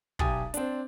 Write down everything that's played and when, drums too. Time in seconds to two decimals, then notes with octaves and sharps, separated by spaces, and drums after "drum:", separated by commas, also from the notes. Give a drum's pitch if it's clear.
0.19 B1 G4 G#5 D#6 A6, drum: kick
0.54 C4 D4, drum: hi-hat